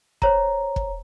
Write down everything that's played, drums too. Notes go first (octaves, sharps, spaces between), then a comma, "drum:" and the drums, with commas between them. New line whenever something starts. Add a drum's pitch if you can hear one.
C5 C#5 A#5, drum: kick
drum: kick